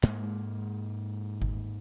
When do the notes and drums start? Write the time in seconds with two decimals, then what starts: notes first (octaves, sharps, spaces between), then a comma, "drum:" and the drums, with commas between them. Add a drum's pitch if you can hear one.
0.03 G#2 G#3 A#3, drum: clap
1.42 drum: kick G1